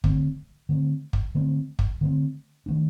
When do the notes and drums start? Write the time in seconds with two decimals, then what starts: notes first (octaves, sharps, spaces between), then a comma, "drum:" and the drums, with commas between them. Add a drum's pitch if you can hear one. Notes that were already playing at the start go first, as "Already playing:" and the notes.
0.04 D3 A3 C4, drum: kick
0.69 D3 A3 C4
1.13 drum: kick
1.35 D3 A3 C4
1.79 drum: kick
2.01 D3 A3 C4
2.66 D#3 A3 D4